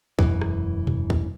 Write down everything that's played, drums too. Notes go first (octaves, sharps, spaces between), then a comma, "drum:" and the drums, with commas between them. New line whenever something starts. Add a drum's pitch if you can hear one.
E1 A#1 F#2 E3, drum: kick
drum: rim click
drum: tom A#2
drum: kick